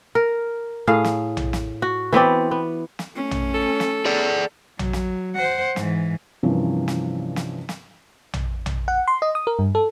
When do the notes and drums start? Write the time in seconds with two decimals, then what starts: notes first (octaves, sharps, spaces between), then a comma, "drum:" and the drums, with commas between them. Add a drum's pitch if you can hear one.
0.15 A#4
0.87 A2 G#4 F5
1.04 drum: snare
1.37 drum: tom A#1
1.53 drum: snare
1.82 F#4
2.13 E3 B3 C4 D5
2.51 B3
2.99 drum: snare
3.16 A3 C#4
3.31 drum: tom A#1
3.54 A4
3.80 drum: snare
4.05 G#4 D5
4.79 F#3, drum: tom A#1
4.93 drum: snare
5.35 C5 F#5
5.76 G#2 E3, drum: snare
6.43 G2 C3 E3 F3 A#3 C#4
6.88 drum: snare
7.36 drum: snare
7.69 drum: snare
8.34 drum: tom A#1
8.66 drum: tom A#1
8.88 F#5
9.08 C6
9.22 D#5
9.35 D#6
9.47 A#4
9.59 G2
9.75 A4